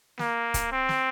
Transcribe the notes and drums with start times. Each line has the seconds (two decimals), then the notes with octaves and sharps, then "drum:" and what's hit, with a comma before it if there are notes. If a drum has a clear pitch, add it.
0.19 A#3, drum: snare
0.54 drum: kick C#1, hi-hat
0.72 C4
0.89 drum: snare